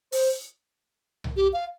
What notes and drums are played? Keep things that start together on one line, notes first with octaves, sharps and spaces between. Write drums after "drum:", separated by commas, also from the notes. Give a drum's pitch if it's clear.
C5, drum: open hi-hat
drum: tom C2
G4
F5